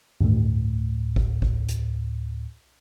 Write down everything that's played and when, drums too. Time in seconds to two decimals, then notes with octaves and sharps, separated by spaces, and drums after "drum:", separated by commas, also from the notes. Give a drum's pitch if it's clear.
0.20 D2 A2, drum: tom G2
1.16 drum: kick G#1
1.42 drum: kick G#1
1.69 drum: hi-hat